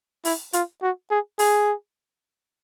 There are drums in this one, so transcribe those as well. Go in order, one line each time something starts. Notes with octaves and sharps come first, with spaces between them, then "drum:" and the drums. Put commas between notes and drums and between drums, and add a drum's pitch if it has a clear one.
E4, drum: open hi-hat
F4, drum: hi-hat
F#4
G#4
G#4, drum: open hi-hat